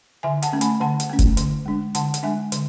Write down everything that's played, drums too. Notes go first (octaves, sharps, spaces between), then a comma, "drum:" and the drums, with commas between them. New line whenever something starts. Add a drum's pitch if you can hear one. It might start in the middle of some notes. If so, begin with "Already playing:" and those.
D3 E5 G#5
F#5 A5, drum: hi-hat
A3 C#4
G#5 B5, drum: hi-hat
D3 F#5 A5
drum: hi-hat
A3 C#4
drum: kick F1, hi-hat
D3, drum: hi-hat
G#3 D4
D3 F#5 A5, drum: hi-hat
drum: hi-hat
G#3 D4 E5 G#5
D3, drum: hi-hat